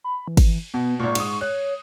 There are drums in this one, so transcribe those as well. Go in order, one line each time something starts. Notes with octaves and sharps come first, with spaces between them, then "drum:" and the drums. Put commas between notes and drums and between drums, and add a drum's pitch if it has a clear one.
B5
E3
drum: kick, cymbal
B2 B3
G#1 A#2 C#6
G#2 D#6, drum: cymbal
C#5 F#6